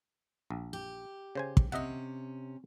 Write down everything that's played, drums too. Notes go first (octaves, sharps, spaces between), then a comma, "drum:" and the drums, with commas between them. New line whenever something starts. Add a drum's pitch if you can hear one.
A#1
G4
C#3 C5 G#5
drum: kick
C3 C#4 D#5 E5 F#5